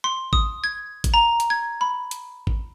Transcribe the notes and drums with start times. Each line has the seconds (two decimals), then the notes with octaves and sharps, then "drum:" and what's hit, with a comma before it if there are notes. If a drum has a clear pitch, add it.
0.04 C6
0.33 D#6, drum: kick G#1
0.64 G#6
1.04 drum: kick G#1, hi-hat
1.14 A#5
1.40 drum: hi-hat
1.50 G#6
1.81 B5
2.11 drum: hi-hat
2.47 drum: kick G#1